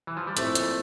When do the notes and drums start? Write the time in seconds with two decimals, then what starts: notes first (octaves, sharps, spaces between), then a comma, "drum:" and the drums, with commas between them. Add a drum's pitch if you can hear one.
0.07 E3
0.17 F3
0.27 G3
0.37 A#2 F3 A3 C4 E4, drum: hi-hat
0.55 drum: hi-hat